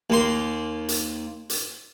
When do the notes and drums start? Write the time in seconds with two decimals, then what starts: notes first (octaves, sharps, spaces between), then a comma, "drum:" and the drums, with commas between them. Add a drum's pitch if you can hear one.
0.10 D#2 A#3 C6
0.88 drum: hi-hat
1.50 drum: hi-hat